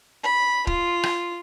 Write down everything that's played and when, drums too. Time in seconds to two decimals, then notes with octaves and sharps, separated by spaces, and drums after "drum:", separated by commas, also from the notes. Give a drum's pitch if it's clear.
0.24 B5
0.67 F4, drum: kick
1.03 drum: rim click